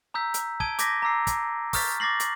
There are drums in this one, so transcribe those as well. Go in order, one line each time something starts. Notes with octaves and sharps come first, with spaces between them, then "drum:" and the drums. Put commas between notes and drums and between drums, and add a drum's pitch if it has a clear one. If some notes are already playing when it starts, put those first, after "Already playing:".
A#5 D#6 E6 G6 B6
drum: hi-hat
A5 D#6 G#6 D7 D#7 G7, drum: kick
D6 G6 G#6 A#6 B6, drum: hi-hat
A#5 D6 E6 C7
drum: kick, hi-hat
C#6 D#6 F6 G6 A6 B6, drum: kick, open hi-hat
D6 A6 A#6 C7 F#7
drum: hi-hat